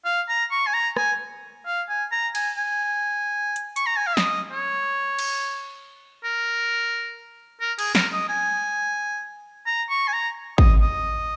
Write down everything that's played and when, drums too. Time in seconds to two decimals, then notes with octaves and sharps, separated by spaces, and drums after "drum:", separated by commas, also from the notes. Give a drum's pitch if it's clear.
0.05 F5
0.29 A#5
0.51 C#6
0.67 G#5
0.74 A#5
0.97 G#5, drum: rim click
1.66 F5
1.89 G#5
2.12 A#5
2.35 G#5, drum: cymbal
2.57 G#5
3.56 drum: hi-hat
3.76 C#6, drum: hi-hat
3.86 A#5
3.97 G#5
4.07 F5
4.17 D#5, drum: snare
4.52 C#5
5.19 drum: cymbal
6.24 A#4
7.61 A#4
7.79 G#4, drum: cymbal
7.95 A#4, drum: snare
8.12 D#5
8.29 G#5
9.67 A#5
9.90 C#6
10.08 G#5
10.13 A#5
10.58 D#5, drum: kick G#1
10.81 D#5